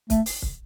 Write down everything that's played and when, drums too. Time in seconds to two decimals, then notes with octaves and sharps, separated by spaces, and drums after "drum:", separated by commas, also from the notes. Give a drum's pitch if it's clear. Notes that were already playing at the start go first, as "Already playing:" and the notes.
0.10 A3, drum: kick, hi-hat
0.26 drum: open hi-hat
0.42 drum: kick